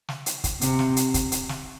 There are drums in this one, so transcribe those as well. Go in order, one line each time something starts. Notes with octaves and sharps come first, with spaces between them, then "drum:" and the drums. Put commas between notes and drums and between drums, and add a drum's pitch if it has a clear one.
drum: snare
drum: hi-hat
drum: kick, hi-hat
C3, drum: hi-hat
drum: snare
drum: hi-hat
drum: kick, hi-hat
drum: hi-hat
drum: snare